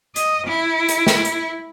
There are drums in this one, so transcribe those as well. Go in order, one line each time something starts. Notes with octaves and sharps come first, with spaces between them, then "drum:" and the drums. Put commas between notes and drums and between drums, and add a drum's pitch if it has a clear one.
D#5, drum: hi-hat
E4
drum: hi-hat
drum: snare
drum: hi-hat